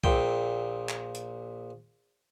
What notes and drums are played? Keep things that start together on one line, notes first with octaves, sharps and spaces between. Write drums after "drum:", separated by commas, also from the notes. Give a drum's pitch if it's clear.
A#1 A#2 G5, drum: kick B1
drum: clap
drum: hi-hat